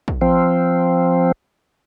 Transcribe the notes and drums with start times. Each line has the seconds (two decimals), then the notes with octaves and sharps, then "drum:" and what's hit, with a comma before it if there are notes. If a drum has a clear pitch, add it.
0.08 drum: kick
0.21 F3 C4